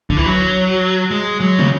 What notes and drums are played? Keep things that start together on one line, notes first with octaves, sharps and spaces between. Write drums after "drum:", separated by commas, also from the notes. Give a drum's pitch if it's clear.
D3, drum: kick
E3
F#3
G#3
F#3
C#3, drum: tom